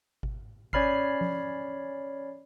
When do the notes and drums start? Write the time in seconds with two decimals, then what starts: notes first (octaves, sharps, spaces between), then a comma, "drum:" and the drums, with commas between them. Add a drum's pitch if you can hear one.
0.23 drum: kick G#1
0.73 C#4 C#5 D5 B5 F6 C7, drum: kick G#1
1.21 drum: tom F3